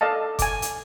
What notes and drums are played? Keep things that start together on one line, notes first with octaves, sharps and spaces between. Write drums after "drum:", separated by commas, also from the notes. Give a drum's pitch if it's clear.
A4 D5 D#5 F5 A5
G#5 D6, drum: kick F#1, hi-hat
drum: hi-hat